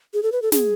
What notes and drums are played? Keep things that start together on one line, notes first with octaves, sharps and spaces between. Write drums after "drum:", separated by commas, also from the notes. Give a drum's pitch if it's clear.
G#4
A4
B4
A4
G#4, drum: snare